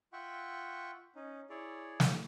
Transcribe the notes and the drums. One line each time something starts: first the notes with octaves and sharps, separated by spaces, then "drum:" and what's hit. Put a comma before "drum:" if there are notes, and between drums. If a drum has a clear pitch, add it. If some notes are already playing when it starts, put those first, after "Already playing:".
F4 E5 F#5 G5 C#6
C#4 D#4
E4 G#4 C#5 D5
drum: snare